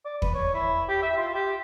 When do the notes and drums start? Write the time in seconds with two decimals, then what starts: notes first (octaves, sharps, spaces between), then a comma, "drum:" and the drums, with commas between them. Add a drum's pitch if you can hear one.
0.05 D5
0.22 B4, drum: kick
0.34 C#5
0.54 E4
0.88 G4
1.02 E5
1.17 F4
1.34 G4